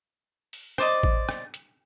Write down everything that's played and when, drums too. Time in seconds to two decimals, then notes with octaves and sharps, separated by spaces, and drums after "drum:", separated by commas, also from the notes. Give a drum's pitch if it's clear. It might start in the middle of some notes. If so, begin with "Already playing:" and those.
0.53 drum: open hi-hat
0.78 C5 D5 D#5 D6, drum: rim click
1.03 drum: kick A1
1.29 drum: rim click
1.54 drum: hi-hat